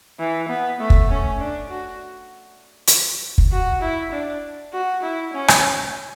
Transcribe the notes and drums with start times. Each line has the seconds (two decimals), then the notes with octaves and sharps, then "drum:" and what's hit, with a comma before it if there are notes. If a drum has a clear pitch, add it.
0.19 E3
0.49 B3
0.80 A3
0.90 drum: kick
1.10 C#4
1.40 D4
1.70 F#4
2.87 drum: hi-hat
3.38 drum: kick
3.52 F#4
3.82 E4
4.12 D4
4.73 F#4
5.03 E4
5.33 C#4
5.48 drum: rim click